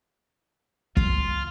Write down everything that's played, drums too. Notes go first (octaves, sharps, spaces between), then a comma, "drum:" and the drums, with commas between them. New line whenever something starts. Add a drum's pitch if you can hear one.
C#2 F4, drum: kick